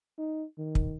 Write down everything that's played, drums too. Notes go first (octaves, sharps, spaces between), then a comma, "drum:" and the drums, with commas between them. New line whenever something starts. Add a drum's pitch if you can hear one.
D#4
D#3
drum: kick